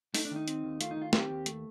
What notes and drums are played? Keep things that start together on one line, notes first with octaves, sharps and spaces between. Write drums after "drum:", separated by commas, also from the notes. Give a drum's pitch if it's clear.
A3 D#4, drum: open hi-hat
D4
D#3 D#4
C4, drum: hi-hat
D#2
A3 F4, drum: hi-hat
D#4
D#3
F4
C4 G4, drum: snare
D#2
A3, drum: hi-hat